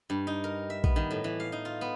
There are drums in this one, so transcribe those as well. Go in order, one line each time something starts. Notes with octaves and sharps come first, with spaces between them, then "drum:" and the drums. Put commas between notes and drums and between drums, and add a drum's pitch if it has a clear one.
G2
D#4
A#4
E5
B3, drum: kick
D#3
A2
E3
F5
D#4
F4
B3